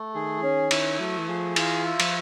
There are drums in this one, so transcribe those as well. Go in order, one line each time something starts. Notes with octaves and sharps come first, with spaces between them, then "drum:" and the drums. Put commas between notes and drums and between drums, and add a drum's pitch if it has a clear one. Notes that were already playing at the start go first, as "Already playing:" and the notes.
Already playing: A3
D#3 G#4
E3
D#3 C#4
D#3 E4, drum: cymbal
F#3 A3
E3
F3 G#4
E3 F4, drum: cymbal
E5
F3, drum: cymbal